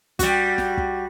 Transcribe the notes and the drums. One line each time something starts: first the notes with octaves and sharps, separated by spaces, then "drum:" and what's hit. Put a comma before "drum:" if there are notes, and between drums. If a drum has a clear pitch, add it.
G3 F#4, drum: kick, hi-hat
drum: snare
drum: kick